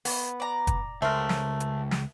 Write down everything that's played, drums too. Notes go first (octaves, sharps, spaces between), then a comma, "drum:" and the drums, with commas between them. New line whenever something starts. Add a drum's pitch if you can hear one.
B3, drum: open hi-hat
D5 A#5
drum: kick, hi-hat
C#2 A3 A#4 C5
drum: snare
drum: hi-hat
drum: snare